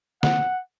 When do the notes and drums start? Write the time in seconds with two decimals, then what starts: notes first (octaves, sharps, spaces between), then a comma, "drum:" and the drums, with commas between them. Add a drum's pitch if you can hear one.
0.23 F#5, drum: snare